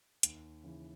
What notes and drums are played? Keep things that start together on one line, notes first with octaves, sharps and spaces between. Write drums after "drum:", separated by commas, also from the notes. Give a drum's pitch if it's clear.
D#2, drum: hi-hat
C#3 E3